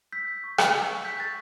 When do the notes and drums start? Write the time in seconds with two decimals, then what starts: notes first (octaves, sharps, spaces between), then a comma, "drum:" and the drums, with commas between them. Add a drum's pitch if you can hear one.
0.12 E6 G6 B6
0.28 G6
0.44 C#6
0.58 C#6, drum: rim click
0.74 E6
0.89 C#6
1.04 F#6 G6 B6
1.20 F#6 A6